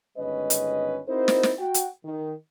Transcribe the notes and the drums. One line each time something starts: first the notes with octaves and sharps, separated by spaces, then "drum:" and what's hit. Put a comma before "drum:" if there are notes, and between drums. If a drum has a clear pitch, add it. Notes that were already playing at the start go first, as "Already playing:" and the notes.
G1 D#3 G#3 C#4 B4 D#5
drum: hi-hat
C4 D#4 E4 F#4 A#4 C5
drum: snare
drum: snare
F#4 G5
drum: hi-hat
D#3